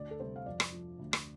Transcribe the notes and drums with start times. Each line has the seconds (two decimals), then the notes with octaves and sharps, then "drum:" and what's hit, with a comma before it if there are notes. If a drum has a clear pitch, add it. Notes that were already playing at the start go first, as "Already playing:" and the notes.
Already playing: D2 D5
0.11 A4
0.20 C3 G3 C5
0.36 F5
0.46 F2 D5
0.60 drum: rim click
0.72 F3
0.99 D2
1.13 drum: rim click